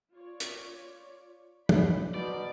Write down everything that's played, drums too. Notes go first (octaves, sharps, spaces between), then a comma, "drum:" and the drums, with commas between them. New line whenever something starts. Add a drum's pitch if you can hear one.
F4 C#5 D5
drum: hi-hat
B4 D5 B5, drum: tom
B2 A#4 C5 D5